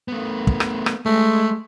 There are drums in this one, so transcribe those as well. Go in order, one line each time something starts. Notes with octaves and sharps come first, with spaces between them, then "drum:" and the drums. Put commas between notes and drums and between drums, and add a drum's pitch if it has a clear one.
A3 B3
drum: kick
drum: rim click
drum: rim click
G#3 A3